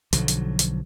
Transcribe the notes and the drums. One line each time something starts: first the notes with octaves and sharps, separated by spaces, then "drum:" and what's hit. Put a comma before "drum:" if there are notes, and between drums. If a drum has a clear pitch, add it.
B1 D3 F3 F#3, drum: hi-hat
drum: hi-hat
drum: hi-hat